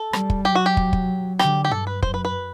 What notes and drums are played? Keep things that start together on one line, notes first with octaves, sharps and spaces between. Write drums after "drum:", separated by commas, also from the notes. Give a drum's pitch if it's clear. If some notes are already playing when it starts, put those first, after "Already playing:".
Already playing: A4
G3, drum: rim click
drum: kick
F#3 G4
F#4
G4
drum: kick
drum: kick
D3 G4, drum: rim click
G4
G2 A4
B4
F#2 C5, drum: kick
B4
B4